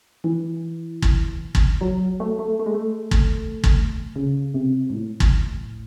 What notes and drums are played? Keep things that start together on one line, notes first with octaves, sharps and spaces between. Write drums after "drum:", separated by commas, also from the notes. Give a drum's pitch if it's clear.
E3
drum: kick
drum: kick
F#3
A3
A3
A3
G#3
A3
drum: kick
drum: kick
C#3
C3
G#2
A2
drum: kick